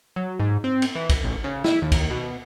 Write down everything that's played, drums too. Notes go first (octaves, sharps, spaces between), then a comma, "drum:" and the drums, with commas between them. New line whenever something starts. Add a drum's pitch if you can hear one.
F#3
G#2
C4
drum: cymbal
E3
drum: kick, cymbal
A1
C#3
E4, drum: snare
D#2
drum: kick, cymbal
B2